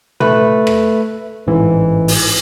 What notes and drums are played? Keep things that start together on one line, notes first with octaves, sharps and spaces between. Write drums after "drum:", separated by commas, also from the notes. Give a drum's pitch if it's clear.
A3 B4, drum: tom
drum: rim click
A1 G#2 E3
drum: open hi-hat